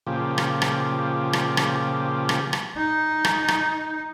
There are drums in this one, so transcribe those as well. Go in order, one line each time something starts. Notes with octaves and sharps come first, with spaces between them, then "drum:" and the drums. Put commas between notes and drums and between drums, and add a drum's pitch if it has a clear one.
A#2 C#3 F3 G4
drum: rim click
drum: rim click
drum: rim click
drum: rim click
drum: rim click
drum: rim click
D#4
drum: rim click
drum: rim click